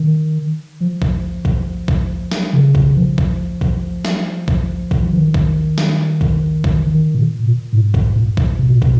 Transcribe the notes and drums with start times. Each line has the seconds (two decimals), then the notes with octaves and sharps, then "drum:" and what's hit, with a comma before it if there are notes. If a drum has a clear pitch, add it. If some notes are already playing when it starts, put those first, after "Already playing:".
Already playing: D#3
0.81 F3
1.02 drum: kick
1.45 drum: kick
1.88 drum: kick
2.31 drum: snare
2.53 C#3
2.75 drum: kick
2.97 F3
3.18 drum: kick
3.61 drum: kick
4.05 drum: snare
4.48 drum: kick
4.91 drum: kick
5.04 F3
5.13 D#3
5.34 drum: kick
5.78 drum: snare
6.21 drum: kick
6.64 drum: kick
6.86 D#3
7.15 A#2
7.43 A#2
7.73 G#2
7.94 drum: kick
8.16 A#2
8.37 drum: kick
8.59 B2
8.70 A#2
8.82 B2, drum: kick